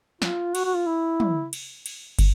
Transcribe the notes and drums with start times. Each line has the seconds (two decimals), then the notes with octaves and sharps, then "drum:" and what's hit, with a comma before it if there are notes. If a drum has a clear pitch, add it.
0.22 F4, drum: snare
0.55 F#4, drum: cymbal
0.65 F#4
0.76 F4
0.87 E4
1.20 drum: tom
1.53 drum: cymbal
1.86 drum: cymbal
2.19 drum: kick, cymbal